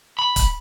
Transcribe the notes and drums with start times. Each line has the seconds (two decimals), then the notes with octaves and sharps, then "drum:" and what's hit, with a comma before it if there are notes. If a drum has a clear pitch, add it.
0.19 B5
0.36 drum: kick, hi-hat